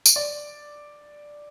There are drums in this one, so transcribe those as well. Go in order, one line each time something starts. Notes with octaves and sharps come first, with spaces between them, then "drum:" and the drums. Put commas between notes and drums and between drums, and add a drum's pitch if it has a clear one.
drum: tambourine
D5